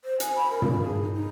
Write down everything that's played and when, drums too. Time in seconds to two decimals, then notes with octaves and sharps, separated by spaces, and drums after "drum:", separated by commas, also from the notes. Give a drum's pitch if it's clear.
0.04 C5
0.20 G#5, drum: hi-hat
0.36 B5
0.51 A#4
0.62 D4, drum: tom
0.80 G#4
1.02 D#4
1.14 D#4